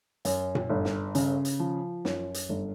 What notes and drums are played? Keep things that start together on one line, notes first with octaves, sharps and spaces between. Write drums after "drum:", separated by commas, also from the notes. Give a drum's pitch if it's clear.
F#2, drum: hi-hat
drum: tom A#2
G1
drum: snare
C#3, drum: hi-hat
drum: hi-hat
F3
F#2, drum: snare
drum: hi-hat
G1